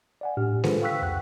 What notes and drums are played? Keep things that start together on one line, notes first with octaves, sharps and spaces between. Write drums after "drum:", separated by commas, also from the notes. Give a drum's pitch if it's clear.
D5 F#5 G#5
A2 D4 G4 F6
D4 F4 G#4 A4 B4 C5, drum: snare G#3
F5 G5 C#6 E6 F#6 B6
C2 F2 F#5 G5 F#6